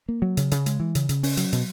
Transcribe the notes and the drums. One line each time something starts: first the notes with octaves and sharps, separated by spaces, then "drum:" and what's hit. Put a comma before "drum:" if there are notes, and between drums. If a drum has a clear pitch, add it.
A#3
F#3
C#3, drum: hi-hat
C#3, drum: hi-hat
G#3, drum: hi-hat
E3
C#3, drum: hi-hat
C#3, drum: hi-hat
C#4, drum: open hi-hat
F#3, drum: hi-hat
B2, drum: hi-hat